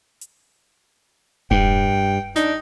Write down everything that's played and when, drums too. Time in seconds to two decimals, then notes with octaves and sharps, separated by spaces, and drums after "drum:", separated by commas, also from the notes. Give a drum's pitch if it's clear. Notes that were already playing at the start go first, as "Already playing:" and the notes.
0.21 drum: hi-hat
1.51 G2 G5, drum: kick E1
2.36 D4 D#4, drum: snare